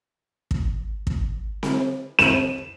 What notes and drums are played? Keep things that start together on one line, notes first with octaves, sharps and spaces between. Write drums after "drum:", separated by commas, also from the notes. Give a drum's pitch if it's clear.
drum: kick
drum: kick
drum: snare C4
E7, drum: snare C4